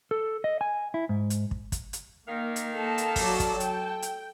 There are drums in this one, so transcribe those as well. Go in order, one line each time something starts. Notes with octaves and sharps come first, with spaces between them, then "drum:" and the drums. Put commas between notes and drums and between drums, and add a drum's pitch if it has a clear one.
A4
D#5
G#5
E4
G#2
drum: hi-hat
drum: kick
drum: kick, hi-hat
drum: hi-hat
D#3 A#3 F5
drum: hi-hat
A4 A5
drum: hi-hat
F#3 D5, drum: kick, open hi-hat
drum: kick, hi-hat
G5, drum: hi-hat
drum: hi-hat